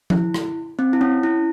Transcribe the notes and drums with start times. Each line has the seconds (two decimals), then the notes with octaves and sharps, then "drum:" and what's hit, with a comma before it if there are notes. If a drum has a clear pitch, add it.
0.10 E4, drum: tom F3
0.34 drum: rim click
0.79 C4
0.93 E4
1.01 C#4
1.23 E4